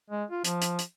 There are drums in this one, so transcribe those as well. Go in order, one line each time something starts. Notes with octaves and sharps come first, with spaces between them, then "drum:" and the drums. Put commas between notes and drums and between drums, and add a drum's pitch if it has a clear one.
G#3
F4
F3, drum: hi-hat
drum: hi-hat
drum: hi-hat